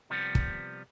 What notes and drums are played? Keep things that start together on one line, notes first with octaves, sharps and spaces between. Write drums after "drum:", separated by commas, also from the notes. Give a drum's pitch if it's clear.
C3 F3 G3 B3
drum: kick